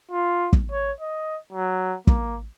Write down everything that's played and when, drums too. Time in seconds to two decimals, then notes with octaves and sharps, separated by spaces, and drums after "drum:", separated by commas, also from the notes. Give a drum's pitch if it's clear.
0.11 F4
0.53 drum: kick
0.72 C#5
1.01 D#5
1.53 F#3
2.07 A#3, drum: kick